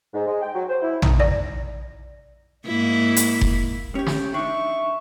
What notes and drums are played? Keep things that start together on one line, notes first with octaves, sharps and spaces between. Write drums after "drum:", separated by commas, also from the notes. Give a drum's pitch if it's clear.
G#2
G#3
G5
F#3
C5
E4
D#4, drum: tom A#1
D5
G#2 A#3 E4
drum: hi-hat
drum: kick F1
C#4 G4 C#5
drum: snare
D4 D#4 E5 C#6